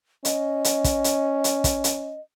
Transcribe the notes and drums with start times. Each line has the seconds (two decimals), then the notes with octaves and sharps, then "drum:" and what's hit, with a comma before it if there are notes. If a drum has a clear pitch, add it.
0.25 C#4 D#5, drum: hi-hat
0.64 drum: hi-hat
0.84 drum: kick, hi-hat
1.04 drum: hi-hat
1.44 drum: hi-hat
1.64 drum: kick, hi-hat
1.84 drum: hi-hat